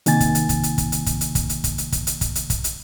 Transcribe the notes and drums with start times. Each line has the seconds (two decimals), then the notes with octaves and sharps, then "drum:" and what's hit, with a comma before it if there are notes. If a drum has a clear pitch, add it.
0.06 C3 D#3 A#3 G#5 A6, drum: hi-hat
0.20 drum: kick, hi-hat
0.35 drum: hi-hat
0.49 drum: kick, hi-hat
0.63 drum: hi-hat
0.78 drum: kick, hi-hat
0.92 drum: hi-hat
1.06 drum: kick, hi-hat
1.21 drum: hi-hat
1.35 drum: kick, hi-hat
1.49 drum: hi-hat
1.64 drum: kick, hi-hat
1.78 drum: hi-hat
1.92 drum: kick, hi-hat
2.07 drum: hi-hat
2.21 drum: kick, hi-hat
2.35 drum: hi-hat
2.50 drum: kick, hi-hat
2.64 drum: hi-hat